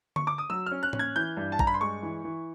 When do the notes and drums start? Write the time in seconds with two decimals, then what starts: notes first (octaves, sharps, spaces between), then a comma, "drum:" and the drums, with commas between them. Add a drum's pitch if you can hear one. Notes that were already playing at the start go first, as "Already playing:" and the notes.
0.16 C#6, drum: tom D3
0.27 D6
0.38 D#6
0.50 F#3 E6
0.66 C#4 F6
0.83 F#6
0.93 C#4, drum: tom A2
0.99 G#6
1.16 E3 G6
1.37 G2
1.52 A5
1.59 G2 A#5, drum: kick A1
1.67 B5
1.74 C6
1.81 G#3 C#6
2.03 E3
2.24 E3